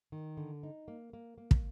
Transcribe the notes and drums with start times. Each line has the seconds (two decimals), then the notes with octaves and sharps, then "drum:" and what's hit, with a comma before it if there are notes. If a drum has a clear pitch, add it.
0.12 D#3
0.37 D3
0.63 D#4
0.88 A#3
1.13 A#3
1.38 A#3
1.51 drum: kick